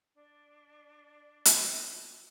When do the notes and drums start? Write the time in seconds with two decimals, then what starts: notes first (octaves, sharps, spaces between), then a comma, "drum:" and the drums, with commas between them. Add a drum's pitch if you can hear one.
0.15 D4 D5
1.45 drum: hi-hat